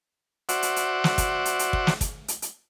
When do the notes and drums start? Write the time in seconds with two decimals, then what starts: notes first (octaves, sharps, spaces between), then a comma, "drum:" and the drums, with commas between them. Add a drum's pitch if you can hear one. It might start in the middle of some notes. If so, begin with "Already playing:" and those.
0.49 F#4 C5 D5 E5 F#5, drum: hi-hat
0.63 drum: hi-hat
0.76 drum: hi-hat
1.04 drum: snare
1.18 drum: kick, hi-hat
1.45 drum: hi-hat
1.59 drum: hi-hat
1.73 drum: kick
1.87 drum: snare
2.01 drum: kick, hi-hat
2.28 drum: hi-hat
2.42 drum: hi-hat